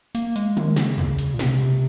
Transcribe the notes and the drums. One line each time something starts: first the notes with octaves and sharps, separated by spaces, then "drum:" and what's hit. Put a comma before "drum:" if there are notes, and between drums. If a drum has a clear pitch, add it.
A#3, drum: hi-hat
G#3, drum: hi-hat
D#3, drum: tom
C#3, drum: snare
drum: tom
drum: hi-hat
A#2
C3, drum: snare